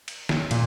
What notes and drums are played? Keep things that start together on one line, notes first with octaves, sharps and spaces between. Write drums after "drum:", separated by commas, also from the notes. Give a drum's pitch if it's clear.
drum: cymbal
drum: snare
A#2, drum: cymbal